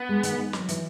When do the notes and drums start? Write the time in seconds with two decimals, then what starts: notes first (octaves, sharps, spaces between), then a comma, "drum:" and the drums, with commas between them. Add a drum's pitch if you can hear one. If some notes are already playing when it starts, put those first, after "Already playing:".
Already playing: B3
0.09 G#3
0.23 D#3, drum: hi-hat
0.38 D#3
0.53 F#3, drum: snare
0.69 E3, drum: hi-hat